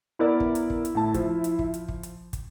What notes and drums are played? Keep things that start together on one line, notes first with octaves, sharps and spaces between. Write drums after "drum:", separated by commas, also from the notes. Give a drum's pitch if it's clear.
B3 E4 A#4 D5
drum: kick
drum: hi-hat
drum: kick
drum: hi-hat
A2 A5
F3, drum: kick, hi-hat
drum: hi-hat
drum: kick
drum: hi-hat
drum: kick
drum: hi-hat
drum: kick, hi-hat